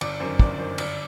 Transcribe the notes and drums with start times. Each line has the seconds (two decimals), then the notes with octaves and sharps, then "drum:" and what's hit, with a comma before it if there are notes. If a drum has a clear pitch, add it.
0.01 G1 D5, drum: cymbal
0.20 F#2 D#3 C5
0.39 G1 D5, drum: kick
0.59 F#2 D#3 C5
0.78 G1 D5, drum: cymbal